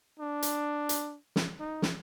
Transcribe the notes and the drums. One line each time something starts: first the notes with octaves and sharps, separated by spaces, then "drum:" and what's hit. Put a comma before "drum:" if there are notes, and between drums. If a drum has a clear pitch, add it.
D4
drum: hi-hat
drum: hi-hat
drum: snare
D#4
drum: snare